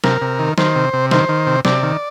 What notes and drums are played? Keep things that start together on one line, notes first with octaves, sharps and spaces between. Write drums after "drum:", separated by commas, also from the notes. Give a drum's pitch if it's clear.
C3 A#4, drum: snare
C3
D#3
D#3 C5, drum: snare
C3
C3
D#3 C5, drum: snare
D#3
C3
C3 D5, drum: snare
D#3